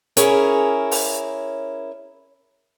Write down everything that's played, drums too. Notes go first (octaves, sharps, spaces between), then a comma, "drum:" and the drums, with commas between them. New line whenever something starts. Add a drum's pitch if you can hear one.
C#4 E4 G#4 A#4 C#5, drum: hi-hat
drum: open hi-hat